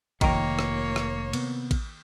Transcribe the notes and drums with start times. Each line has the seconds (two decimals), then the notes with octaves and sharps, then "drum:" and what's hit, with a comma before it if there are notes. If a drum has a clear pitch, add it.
0.21 F1 D#3 F3 A#3 A#4 C#5, drum: kick A1, cymbal
0.59 drum: rim click
0.96 drum: rim click
1.33 C3 B3, drum: cymbal
1.71 drum: kick A1, cymbal